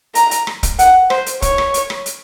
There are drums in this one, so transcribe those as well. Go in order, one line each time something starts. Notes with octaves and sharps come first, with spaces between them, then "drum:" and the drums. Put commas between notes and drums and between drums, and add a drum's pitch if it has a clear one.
A#5, drum: hi-hat
drum: hi-hat
drum: rim click
drum: kick, hi-hat
F#5, drum: hi-hat
C5, drum: rim click
drum: hi-hat
C#5, drum: kick, hi-hat
drum: rim click
drum: hi-hat
drum: rim click
drum: hi-hat